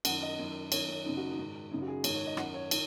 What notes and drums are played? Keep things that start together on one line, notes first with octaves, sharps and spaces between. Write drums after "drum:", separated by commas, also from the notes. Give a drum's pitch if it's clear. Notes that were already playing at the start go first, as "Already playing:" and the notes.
F#2 D#3 F#5, drum: cymbal
D#5
F#2 D#3
F#2 D#3 C#5, drum: cymbal
C#4
F#2 C#3 D#4
F#4
D#4
G#2 D#3
F#2 C#3 D#4
F#4
G#4
G#2 D#3 C#5, drum: cymbal
C#5
D#5
F#2 D#3 F#5, drum: rim click
C#5
D#3, drum: cymbal